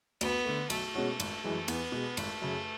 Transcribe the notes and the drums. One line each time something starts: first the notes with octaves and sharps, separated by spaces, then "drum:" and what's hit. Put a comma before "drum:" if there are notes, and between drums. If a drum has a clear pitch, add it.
D2 B3, drum: cymbal
D3 A3
B1 A3, drum: cymbal
B2 G#3 C#4 F#4
G#1, drum: cymbal
F#2 E3 G#3
E2 B3, drum: cymbal
B2 G#3
G#1 A3, drum: cymbal
F#2 C#3